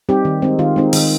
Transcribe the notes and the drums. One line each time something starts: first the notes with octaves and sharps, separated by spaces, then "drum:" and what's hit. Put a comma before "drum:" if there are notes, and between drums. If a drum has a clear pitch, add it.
G3 C4 D#4 G4
D#3
G#3 C4 D#4
D#3 F4
G#3 C4 D#4
D#3, drum: open hi-hat